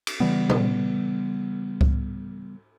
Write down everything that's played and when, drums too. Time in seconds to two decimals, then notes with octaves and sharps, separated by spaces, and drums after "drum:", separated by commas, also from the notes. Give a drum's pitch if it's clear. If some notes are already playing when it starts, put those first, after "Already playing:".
0.07 drum: cymbal
0.20 C#3 E3 G3 B3
0.50 drum: tom
1.81 drum: kick C#2